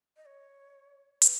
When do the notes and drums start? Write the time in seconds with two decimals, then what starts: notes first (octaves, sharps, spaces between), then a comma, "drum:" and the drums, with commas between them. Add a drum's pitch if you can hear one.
0.17 D#5
0.26 C#5
1.22 B4, drum: hi-hat